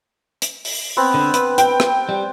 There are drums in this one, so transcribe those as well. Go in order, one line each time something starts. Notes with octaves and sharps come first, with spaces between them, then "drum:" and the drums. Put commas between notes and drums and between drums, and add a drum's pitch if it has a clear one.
drum: hi-hat
drum: open hi-hat
B3 C4
D3
B4, drum: hi-hat
G5, drum: hi-hat
drum: rim click
G3